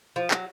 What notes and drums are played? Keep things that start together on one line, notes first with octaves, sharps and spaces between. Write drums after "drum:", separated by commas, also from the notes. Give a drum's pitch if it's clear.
F3
F#3, drum: clap